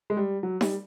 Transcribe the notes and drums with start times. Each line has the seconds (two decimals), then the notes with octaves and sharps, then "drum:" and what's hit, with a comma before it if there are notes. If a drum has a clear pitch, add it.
0.10 G#3
0.17 G3
0.43 F#3
0.61 G3, drum: snare D#4